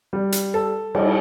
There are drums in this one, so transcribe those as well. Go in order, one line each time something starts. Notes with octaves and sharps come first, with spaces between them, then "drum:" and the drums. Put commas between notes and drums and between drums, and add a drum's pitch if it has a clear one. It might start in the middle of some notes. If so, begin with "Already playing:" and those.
G3
drum: hi-hat
A4
G3, drum: cymbal